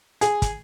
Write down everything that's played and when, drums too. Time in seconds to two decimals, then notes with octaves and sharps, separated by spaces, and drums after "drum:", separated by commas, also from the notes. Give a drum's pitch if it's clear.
0.21 G#4, drum: hi-hat
0.42 drum: kick, hi-hat